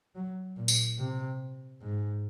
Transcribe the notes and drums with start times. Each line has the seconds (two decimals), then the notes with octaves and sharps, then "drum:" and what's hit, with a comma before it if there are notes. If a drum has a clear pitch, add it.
0.15 F#3
0.56 A#2
0.68 drum: tambourine
0.98 C3
1.82 G#2